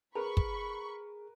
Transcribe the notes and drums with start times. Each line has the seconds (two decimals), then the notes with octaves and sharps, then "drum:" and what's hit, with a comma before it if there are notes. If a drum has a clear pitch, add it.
0.15 G#4 A#4 B4 B5 C#6
0.37 drum: kick